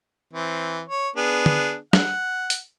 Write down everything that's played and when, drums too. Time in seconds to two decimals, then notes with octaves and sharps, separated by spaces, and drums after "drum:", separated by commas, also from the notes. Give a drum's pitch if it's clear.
0.33 E3 C4
0.88 C#5
1.16 B3 D4 G#4
1.46 drum: tom
1.93 F#5, drum: snare
2.50 drum: hi-hat